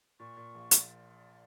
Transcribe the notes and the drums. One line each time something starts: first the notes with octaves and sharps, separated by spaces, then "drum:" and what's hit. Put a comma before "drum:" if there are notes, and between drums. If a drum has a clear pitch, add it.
A#2 C#6
A#2
A#1
A#1, drum: hi-hat